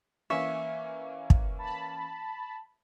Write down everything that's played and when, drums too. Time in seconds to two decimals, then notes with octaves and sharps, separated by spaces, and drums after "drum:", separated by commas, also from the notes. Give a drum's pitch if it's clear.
0.30 E3 A#3 C#4 E5 C#6
1.30 drum: kick
1.59 A5 B5